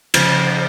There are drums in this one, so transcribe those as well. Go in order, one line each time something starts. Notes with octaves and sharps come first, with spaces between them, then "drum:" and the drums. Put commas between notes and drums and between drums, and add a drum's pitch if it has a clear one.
C#3 F3, drum: cymbal